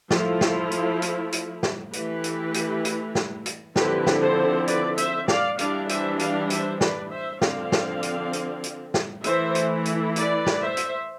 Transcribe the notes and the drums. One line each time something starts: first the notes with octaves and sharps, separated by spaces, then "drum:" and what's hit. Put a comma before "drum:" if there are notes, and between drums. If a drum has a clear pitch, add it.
F3 A3 E4 F4 A4, drum: snare
drum: snare
drum: hi-hat
drum: hi-hat
drum: hi-hat
drum: snare
E3 A3 E4 G4 B4, drum: hi-hat
drum: hi-hat
drum: hi-hat
drum: hi-hat
drum: snare
drum: hi-hat
D3 F3 C4 E4 G4 B4, drum: snare
drum: snare
A4 C5
B4 D5, drum: hi-hat
C5 E5, drum: hi-hat
D5 F5, drum: snare
E3 G3 D4 D5 F5, drum: hi-hat
C5 E5, drum: hi-hat
D5 F5, drum: hi-hat
C5 E5, drum: hi-hat
B4 D5, drum: snare
C5 E5
D3 F3 C4 D5 F5, drum: snare
drum: snare
drum: hi-hat
drum: hi-hat
drum: hi-hat
drum: snare
E3 A3 E4 C5 E5, drum: hi-hat
drum: hi-hat
drum: hi-hat
B4 D5, drum: hi-hat
drum: snare
C5 E5
drum: hi-hat